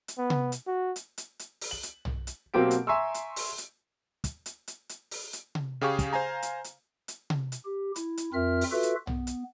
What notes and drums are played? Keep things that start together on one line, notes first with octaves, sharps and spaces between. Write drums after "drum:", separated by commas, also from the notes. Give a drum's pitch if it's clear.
drum: hi-hat
B3
drum: tom C3
drum: hi-hat
F#4
drum: hi-hat
drum: hi-hat
drum: hi-hat
drum: open hi-hat
F#7
drum: hi-hat
drum: tom
drum: hi-hat
B2 F#3 A#3 C4 G4 D7
drum: hi-hat
E5 G#5 A#5 C6 C#6 E6
drum: hi-hat
drum: open hi-hat
drum: hi-hat
drum: kick, hi-hat
drum: hi-hat
drum: hi-hat
drum: hi-hat
drum: open hi-hat
drum: hi-hat
drum: tom C3
C#3 G4 G#4 F5 C#6
drum: kick, hi-hat
C5 F5 G#5 A#5
drum: hi-hat
drum: hi-hat
drum: hi-hat
drum: tom C3
drum: hi-hat
G4
E4, drum: hi-hat
drum: hi-hat
F2 C4 F4 A#4 E5 F6
drum: open hi-hat
F4 F#4 A4 B4 E5
drum: hi-hat
B3, drum: tom
drum: hi-hat